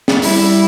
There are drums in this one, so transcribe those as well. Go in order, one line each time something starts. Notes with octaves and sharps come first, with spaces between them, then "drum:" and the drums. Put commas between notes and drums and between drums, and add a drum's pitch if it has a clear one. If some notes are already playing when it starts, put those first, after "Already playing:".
drum: snare
G3 E4, drum: open hi-hat